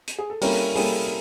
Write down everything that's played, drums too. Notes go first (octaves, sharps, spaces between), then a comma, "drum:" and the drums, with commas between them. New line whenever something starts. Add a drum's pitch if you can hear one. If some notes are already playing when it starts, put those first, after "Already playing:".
drum: hi-hat
G#4
A4
G3 A#3 C#4 E4 A4 A#4, drum: open hi-hat
G3 A#3 C#4 E4 G#4 A4, drum: open hi-hat